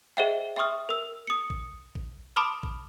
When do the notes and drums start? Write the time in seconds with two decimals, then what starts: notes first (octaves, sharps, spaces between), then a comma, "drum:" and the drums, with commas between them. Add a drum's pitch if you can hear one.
0.17 G#4 C5 D#5 E5 F#5 G5
0.56 E5 G5 C6 C#6 D#6 F6
0.89 A#4 E6
1.27 D#6 C#7
1.50 drum: kick A1
1.95 drum: kick A1
2.36 A5 B5 C6 D6 D#6 F6
2.63 drum: kick A1